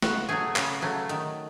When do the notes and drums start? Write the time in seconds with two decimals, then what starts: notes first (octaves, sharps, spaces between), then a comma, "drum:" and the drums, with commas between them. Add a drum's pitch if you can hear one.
0.02 C#3 F#4, drum: snare
0.29 F#3 A3 G#4
0.56 C#3, drum: clap
0.82 F#3 A3
1.09 D#3, drum: hi-hat